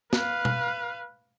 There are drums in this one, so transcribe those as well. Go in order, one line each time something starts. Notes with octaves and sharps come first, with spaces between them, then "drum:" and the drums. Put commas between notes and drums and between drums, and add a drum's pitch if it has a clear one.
B4 F5, drum: snare
drum: tom